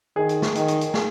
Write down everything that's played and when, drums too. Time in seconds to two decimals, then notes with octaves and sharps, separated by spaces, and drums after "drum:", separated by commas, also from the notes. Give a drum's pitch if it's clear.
0.16 D#3 G#4
0.29 drum: hi-hat
0.42 drum: snare
0.55 D#3, drum: hi-hat
0.68 drum: hi-hat
0.81 drum: hi-hat
0.94 G#4, drum: snare